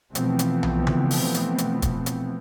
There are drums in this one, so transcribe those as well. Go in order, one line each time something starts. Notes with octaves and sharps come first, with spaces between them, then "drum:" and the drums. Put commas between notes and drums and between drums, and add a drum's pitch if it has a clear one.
B2 E3 F3 A3 B3 C4, drum: hi-hat
drum: hi-hat
drum: tom B1
drum: tom C#3
drum: open hi-hat
drum: hi-hat
drum: hi-hat
drum: kick, hi-hat
drum: hi-hat